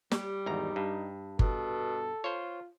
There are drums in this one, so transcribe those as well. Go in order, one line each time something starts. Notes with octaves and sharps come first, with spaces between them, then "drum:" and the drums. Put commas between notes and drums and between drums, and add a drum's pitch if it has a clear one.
G3 G4, drum: snare
G#1 E2 D#4 A#5
G2
B2 A4, drum: kick G1
F4 C5 C#5